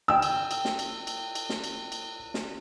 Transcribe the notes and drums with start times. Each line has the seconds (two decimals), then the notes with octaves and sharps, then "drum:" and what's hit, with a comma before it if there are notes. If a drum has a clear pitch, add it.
0.08 G5 E6
0.22 drum: cymbal
0.51 drum: cymbal
0.65 drum: snare
0.79 drum: cymbal
1.07 drum: cymbal
1.35 drum: cymbal
1.50 drum: snare
1.64 drum: cymbal
1.92 drum: cymbal
2.34 drum: snare